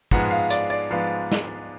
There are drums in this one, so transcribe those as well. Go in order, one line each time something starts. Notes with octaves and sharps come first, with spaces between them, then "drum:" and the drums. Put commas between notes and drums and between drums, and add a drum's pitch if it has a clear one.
G#2 F3 G#3 B3 F#5, drum: kick
F5
D5, drum: hi-hat
D5
G#2 F3 G#3 B3 F5
drum: snare